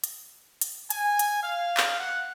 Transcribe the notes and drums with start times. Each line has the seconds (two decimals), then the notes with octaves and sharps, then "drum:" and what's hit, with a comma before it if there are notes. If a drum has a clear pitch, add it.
0.04 drum: hi-hat
0.61 drum: hi-hat
0.90 G#5, drum: hi-hat
1.19 drum: hi-hat
1.42 F5
1.77 drum: clap
2.00 F#5